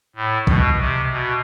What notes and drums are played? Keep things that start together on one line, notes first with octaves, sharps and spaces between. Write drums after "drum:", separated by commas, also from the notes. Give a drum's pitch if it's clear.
A2
B2, drum: kick
C3
B2